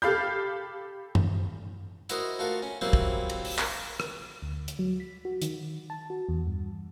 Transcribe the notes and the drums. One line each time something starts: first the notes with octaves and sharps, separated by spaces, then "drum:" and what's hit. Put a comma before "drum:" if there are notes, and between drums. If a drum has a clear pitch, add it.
G4 A4 F5 B5 G6
drum: tom F#2
E4 F#4 A#4 C5 D#5, drum: hi-hat
A3 F4 F#4 A#4
C#4
F#3 G3 A#3 C4 E4 F4
drum: kick
drum: cymbal
drum: open hi-hat
drum: clap
drum: rim click
D2
drum: hi-hat
F#3
B6
F#4
D#3, drum: hi-hat
A5
F#4
E2
G2